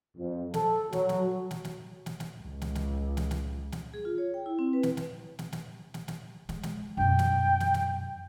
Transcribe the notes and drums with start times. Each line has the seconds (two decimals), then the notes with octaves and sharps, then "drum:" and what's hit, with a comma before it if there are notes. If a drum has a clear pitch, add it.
0.18 F2
0.54 A4, drum: snare
0.93 F#3, drum: snare
1.09 drum: snare
1.51 drum: snare
1.65 drum: snare
2.06 drum: snare
2.20 drum: snare
2.40 C#2
2.62 drum: snare
2.75 drum: snare
3.17 drum: snare
3.31 drum: snare
3.72 drum: snare
3.94 G#4
4.05 F4
4.18 C#5
4.34 G5
4.46 E4
4.59 C4
4.73 B4
4.83 drum: snare
4.97 drum: snare
5.39 drum: snare
5.53 drum: snare
5.94 drum: snare
6.08 drum: snare
6.49 G#3, drum: snare
6.63 drum: snare
6.97 F#2 B2 G5
7.19 drum: snare
7.60 drum: snare
7.74 drum: snare